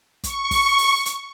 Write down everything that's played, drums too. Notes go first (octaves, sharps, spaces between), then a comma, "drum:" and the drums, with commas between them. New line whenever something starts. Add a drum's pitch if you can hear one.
C#6, drum: kick, hi-hat
drum: kick, open hi-hat
drum: open hi-hat
drum: hi-hat